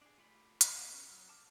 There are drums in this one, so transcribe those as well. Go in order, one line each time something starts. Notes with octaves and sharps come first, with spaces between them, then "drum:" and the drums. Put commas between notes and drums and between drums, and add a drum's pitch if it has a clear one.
D4 G#4
A3 F4 G4 B5
B3 D#5 F5 F#5, drum: hi-hat
C#4 F#4 A#4
F#3
A5 D6 F6